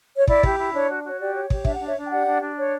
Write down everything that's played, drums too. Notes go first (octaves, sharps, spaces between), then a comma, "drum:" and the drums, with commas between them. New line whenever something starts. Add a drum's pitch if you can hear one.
C#5
E4 D5, drum: kick
G4, drum: kick
E4
D4 C#5
F#4
F#4 C#5
G4 D5
C#5
G4, drum: kick
D4 E5, drum: kick
D4 F#5
C#5 E5
D4
G5
G4 D5 F#5
D4
D4
C#5